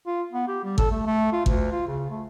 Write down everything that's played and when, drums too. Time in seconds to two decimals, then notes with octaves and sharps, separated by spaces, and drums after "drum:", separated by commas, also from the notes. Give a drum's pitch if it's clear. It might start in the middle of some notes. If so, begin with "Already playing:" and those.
0.07 F4
0.32 B3
0.48 G4
0.64 G3
0.78 A4, drum: kick
0.91 A3
1.07 A3
1.32 F4
1.46 D2, drum: kick
1.72 F4
1.87 C#3
2.11 A3